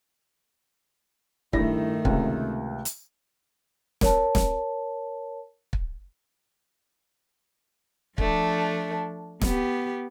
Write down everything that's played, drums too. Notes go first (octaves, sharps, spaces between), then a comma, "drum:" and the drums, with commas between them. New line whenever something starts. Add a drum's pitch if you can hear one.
G2 D#3 A3 E4 A#6, drum: kick
C#2 C3, drum: kick
drum: hi-hat
A#4 C#5 A5, drum: snare
drum: snare
drum: kick
F3 A3 D4, drum: kick
B3 G4, drum: snare